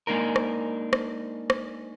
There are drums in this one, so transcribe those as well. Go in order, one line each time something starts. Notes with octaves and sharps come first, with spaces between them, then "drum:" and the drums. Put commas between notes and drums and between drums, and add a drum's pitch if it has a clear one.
G#3 A#3 D4 D#4 A#4
drum: rim click
drum: rim click
drum: rim click